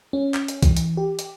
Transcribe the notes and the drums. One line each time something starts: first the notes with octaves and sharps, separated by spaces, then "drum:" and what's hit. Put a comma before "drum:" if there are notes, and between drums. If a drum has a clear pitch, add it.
C#4
drum: clap
drum: hi-hat
E3, drum: kick B1, hi-hat
drum: hi-hat
G4
drum: hi-hat